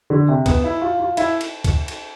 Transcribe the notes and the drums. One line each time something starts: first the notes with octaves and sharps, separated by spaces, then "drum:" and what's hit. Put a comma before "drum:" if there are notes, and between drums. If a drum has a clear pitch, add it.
D3
C3
B3, drum: kick, cymbal
E4
F4
F4
E4, drum: cymbal
drum: cymbal
drum: kick, cymbal
drum: cymbal